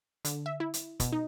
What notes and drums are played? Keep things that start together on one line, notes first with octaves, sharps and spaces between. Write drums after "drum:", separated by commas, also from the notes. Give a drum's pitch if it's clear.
D3, drum: hi-hat
E5
E4
drum: hi-hat
B2, drum: kick, hi-hat
D#4